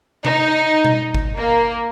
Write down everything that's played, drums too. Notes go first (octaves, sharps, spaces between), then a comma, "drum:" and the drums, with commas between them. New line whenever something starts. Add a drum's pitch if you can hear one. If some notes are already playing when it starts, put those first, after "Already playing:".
D#4, drum: tom C3
drum: tom B2
drum: kick G#1
A#3